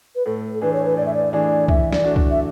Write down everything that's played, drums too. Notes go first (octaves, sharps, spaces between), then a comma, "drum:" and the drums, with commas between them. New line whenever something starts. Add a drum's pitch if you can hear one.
B4
A2 A4
E3 A3 D4 G#4 B4
C#5
B4
A2 D5
E5
D5
E3 A3 D4 G#4 D5
E3 E5, drum: kick C2
D5, drum: snare
A3 D4 F#4
drum: kick C2
E5